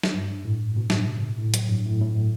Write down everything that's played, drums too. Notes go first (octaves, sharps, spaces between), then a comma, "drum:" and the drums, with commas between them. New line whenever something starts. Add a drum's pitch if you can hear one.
drum: snare
G2
A2
B2
drum: snare
C#3
A2
F#3, drum: hi-hat
G2
A2
A2